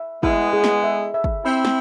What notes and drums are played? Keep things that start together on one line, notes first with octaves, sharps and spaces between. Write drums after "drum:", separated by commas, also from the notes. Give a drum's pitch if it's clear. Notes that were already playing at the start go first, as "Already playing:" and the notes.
Already playing: E5
G#3 B3 E4, drum: kick
G#4
drum: snare
E5
E5
drum: kick
C4 E4 B5
drum: snare